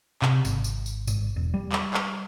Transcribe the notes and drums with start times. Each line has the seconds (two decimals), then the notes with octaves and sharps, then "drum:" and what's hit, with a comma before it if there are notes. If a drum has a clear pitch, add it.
0.22 C3, drum: clap
0.45 G#1, drum: tambourine
0.64 drum: tambourine
0.86 drum: tambourine
1.07 G#1, drum: tambourine
1.36 E1
1.54 G3
1.72 drum: clap
1.94 drum: clap